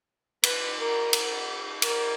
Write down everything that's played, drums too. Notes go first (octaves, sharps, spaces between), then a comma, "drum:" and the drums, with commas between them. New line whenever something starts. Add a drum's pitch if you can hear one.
B4, drum: cymbal
A#4
drum: cymbal
A#4, drum: cymbal